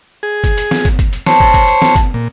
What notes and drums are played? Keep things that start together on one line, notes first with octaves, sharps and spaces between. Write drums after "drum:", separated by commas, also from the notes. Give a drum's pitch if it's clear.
G#4
drum: kick, hi-hat
drum: hi-hat
drum: snare
drum: kick, hi-hat
drum: kick, hi-hat
drum: hi-hat
C5 C#5 A5, drum: snare
drum: kick
drum: kick, hi-hat
drum: hi-hat
drum: snare
drum: kick, hi-hat
A#2